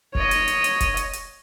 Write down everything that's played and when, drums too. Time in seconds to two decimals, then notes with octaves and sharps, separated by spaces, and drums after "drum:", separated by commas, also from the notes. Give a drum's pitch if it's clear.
0.15 C#5 D#5, drum: kick
0.31 drum: hi-hat
0.48 drum: hi-hat
0.64 drum: hi-hat
0.81 drum: kick, hi-hat
0.97 drum: hi-hat
1.13 drum: hi-hat